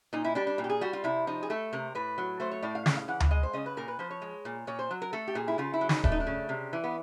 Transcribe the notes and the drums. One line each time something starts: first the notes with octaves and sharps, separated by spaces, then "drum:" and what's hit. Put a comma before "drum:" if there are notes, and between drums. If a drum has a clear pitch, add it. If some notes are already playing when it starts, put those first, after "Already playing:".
A#2 D#4
E4
G3 D4
D4
A#2
G4
G#4
G3 F#4
F4
C3 E4
F3 D#4
G#4
A3 A4
C3 A#4
A2 B4
F#3
A3 C5
C#5
A2 D5
F5
C#3 F5, drum: snare
F5
E3 F#5
F5, drum: tom D2
G#3 D#5
C5
C#3 D#5
B4
A#2 A#4
B4
F3 C5
C#5
G#3
A#2
A#2 C#5
C5
F#3
A#4
A3 A4
G4
A#2 G#4
E4
C#3 F4
E4
F#3
D#4, drum: snare
A3 D4, drum: kick D#1
D#4
D4
C#3
C3
E3
B3